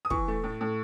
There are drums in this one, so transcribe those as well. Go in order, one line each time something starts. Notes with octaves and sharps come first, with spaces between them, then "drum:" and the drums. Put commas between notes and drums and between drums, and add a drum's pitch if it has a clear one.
D#6
E3 C#6, drum: kick
A3
A2
A2